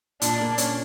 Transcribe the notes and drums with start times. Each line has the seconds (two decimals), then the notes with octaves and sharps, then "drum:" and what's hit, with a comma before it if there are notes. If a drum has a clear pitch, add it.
0.22 A#2 D4, drum: hi-hat
0.40 A#3
0.58 C#4, drum: hi-hat